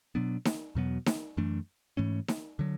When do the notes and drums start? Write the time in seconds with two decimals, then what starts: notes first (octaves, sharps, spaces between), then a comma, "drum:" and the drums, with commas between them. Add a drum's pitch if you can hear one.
0.15 B2 F#3 B3 D4
0.45 drum: snare D#4
0.75 E2 B2 F#3 B3
1.06 drum: snare D#4
1.37 F#2 E3 A3 D4
1.97 G#2 E3 A3 C#4
2.28 drum: snare D#4
2.59 D3 F#3